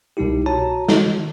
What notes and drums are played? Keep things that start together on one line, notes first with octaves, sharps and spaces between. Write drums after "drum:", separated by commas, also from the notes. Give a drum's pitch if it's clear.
C2 B2 G3 D#4 E4 G4
F#4 C#5 A5 A#5
F#4, drum: snare
D#3